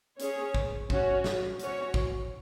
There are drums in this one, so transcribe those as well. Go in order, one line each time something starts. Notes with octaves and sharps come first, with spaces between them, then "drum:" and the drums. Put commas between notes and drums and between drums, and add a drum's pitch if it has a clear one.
C#4 G#4 C#5, drum: hi-hat
drum: kick A1
C#4 F#4 C#5, drum: kick A1
drum: snare
C#4 F#4 C#5, drum: hi-hat
drum: kick A1